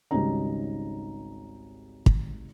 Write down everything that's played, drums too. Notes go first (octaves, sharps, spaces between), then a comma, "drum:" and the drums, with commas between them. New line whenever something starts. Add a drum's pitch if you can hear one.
G#1 C#2 G3 C#4 D#4 A#5
drum: kick